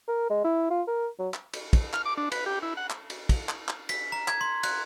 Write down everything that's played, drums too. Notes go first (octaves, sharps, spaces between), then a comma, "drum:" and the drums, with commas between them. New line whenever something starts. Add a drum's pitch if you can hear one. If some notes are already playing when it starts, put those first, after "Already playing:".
A#4
G#3
E4
F4
A#4
F#3
drum: clap
drum: cymbal
drum: kick, cymbal
F6, drum: clap
D6
D4
B4, drum: cymbal
G4
E4
F#5
drum: clap
drum: cymbal
drum: kick, cymbal
drum: clap
drum: clap
B6, drum: cymbal
A#5
G#6, drum: clap
C6
F#6, drum: cymbal